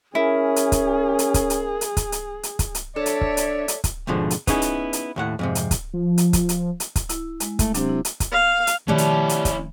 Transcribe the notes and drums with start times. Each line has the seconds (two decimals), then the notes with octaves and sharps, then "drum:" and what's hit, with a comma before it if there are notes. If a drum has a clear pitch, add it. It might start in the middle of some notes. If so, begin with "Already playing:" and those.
0.15 C#4 E4 G#4 A#4
0.56 drum: hi-hat
0.72 drum: kick, hi-hat
1.19 drum: hi-hat
1.34 drum: kick, hi-hat
1.50 drum: hi-hat
1.81 drum: hi-hat
1.97 drum: kick, hi-hat
2.12 drum: hi-hat
2.43 drum: hi-hat
2.59 drum: kick, hi-hat
2.75 drum: hi-hat
2.96 D4 A4 C#5 D5 E5
3.06 drum: hi-hat
3.21 drum: kick
3.37 drum: hi-hat
3.68 drum: hi-hat
3.84 drum: kick, hi-hat
4.07 D#2 G#2 B2 D3 F3
4.30 drum: hi-hat
4.47 B3 C#4 D#4 E4 G#4, drum: kick, hi-hat
4.62 drum: hi-hat
4.93 drum: hi-hat
5.16 D#2 A2 F#5
5.39 F2 G#2 C3
5.55 drum: hi-hat
5.71 drum: kick, hi-hat
5.94 F3
6.18 drum: hi-hat
6.33 drum: kick, hi-hat
6.49 drum: hi-hat
6.80 drum: hi-hat
6.96 drum: kick, hi-hat
7.09 E4, drum: hi-hat
7.40 G#3, drum: hi-hat
7.59 A3, drum: kick, hi-hat
7.74 C3 F#3 D4, drum: hi-hat
7.89 E4
8.05 drum: hi-hat
8.20 drum: kick, hi-hat
8.32 F5
8.67 drum: hi-hat
8.88 B2 D#3 F3 G3 A3 C#4 E4
8.98 drum: hi-hat
9.29 drum: hi-hat
9.45 drum: kick, hi-hat